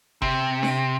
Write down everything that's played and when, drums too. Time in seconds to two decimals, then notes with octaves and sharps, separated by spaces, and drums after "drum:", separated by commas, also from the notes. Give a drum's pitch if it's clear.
0.22 C3, drum: kick F#1
0.63 drum: snare D4